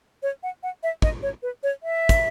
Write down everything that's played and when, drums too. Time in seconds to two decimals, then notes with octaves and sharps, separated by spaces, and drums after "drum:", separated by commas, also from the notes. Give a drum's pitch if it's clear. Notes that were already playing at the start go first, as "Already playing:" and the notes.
0.23 C#5
0.43 F#5
0.63 F#5
0.83 E5
1.02 D#5, drum: kick
1.22 C#5
1.43 B4
1.63 C#5
1.83 E5
2.09 drum: kick, hi-hat